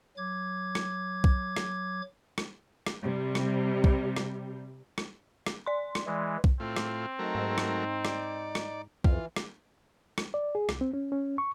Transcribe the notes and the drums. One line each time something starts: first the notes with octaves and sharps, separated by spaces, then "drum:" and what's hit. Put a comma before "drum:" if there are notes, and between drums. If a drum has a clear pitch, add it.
F#3 D6 G#6
drum: rim click
drum: kick B1
drum: rim click
drum: rim click
drum: rim click
C3 G3
drum: rim click
drum: kick B1
drum: rim click
drum: rim click
drum: rim click
D5 C6
drum: rim click
E3 G#3
drum: kick B1
A2 C4 F4
drum: rim click
F#3 A3 D#4 A#4
G#2
drum: rim click
D5, drum: rim click
drum: rim click
F2 E3 F4, drum: kick B1
drum: rim click
drum: rim click
D5
G#4
C2, drum: rim click
C4
C#4
C#4
C#6